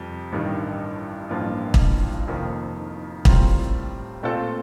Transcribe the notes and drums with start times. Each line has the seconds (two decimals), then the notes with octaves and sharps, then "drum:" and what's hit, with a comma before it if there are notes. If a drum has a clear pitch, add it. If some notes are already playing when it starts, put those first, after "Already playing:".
Already playing: F2 C3 G3 C4
0.32 A1 G2 D#3
1.29 A1 G2 F3 A#3 F4
1.74 drum: kick
2.27 F1 F2 D#3 A#3 D#4
3.25 A2 G3 C4 F4 A#4, drum: kick
4.23 A#2 A3 C4 F4 A4